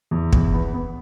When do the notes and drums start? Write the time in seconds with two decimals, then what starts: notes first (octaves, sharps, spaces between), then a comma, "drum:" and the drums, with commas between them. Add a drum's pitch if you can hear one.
0.11 E2
0.33 E2, drum: kick
0.53 B3
0.74 B3